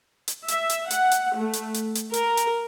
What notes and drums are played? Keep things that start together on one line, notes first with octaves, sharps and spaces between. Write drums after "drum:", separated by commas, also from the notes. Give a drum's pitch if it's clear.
drum: hi-hat
E5, drum: hi-hat
drum: hi-hat
F#5, drum: hi-hat
drum: hi-hat
A3
drum: hi-hat
drum: hi-hat
drum: hi-hat
A#4, drum: hi-hat
drum: hi-hat